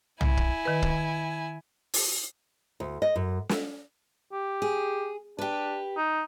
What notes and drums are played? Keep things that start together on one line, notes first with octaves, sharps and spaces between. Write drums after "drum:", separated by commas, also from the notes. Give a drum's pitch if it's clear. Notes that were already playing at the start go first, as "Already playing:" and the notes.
E4 G#5, drum: tom
drum: kick
D#3 B4
drum: kick
drum: open hi-hat
D2
D#5
F#2
drum: snare
G4
G#4
D4 G4 B4
D#4